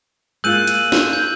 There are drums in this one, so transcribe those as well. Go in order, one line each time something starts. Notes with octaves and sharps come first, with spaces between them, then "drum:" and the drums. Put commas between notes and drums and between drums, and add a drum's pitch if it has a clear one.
G#3 A#3 F4 E6 F#6 G6 D#7
D#7, drum: hi-hat
drum: snare
G6